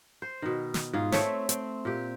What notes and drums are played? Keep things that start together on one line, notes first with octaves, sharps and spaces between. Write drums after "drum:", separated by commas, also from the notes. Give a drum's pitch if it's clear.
C5
B2 D#3
drum: snare
G#2 F4 G#4
A3 C4 C#5 E5, drum: snare
C4, drum: hi-hat
A#2 G4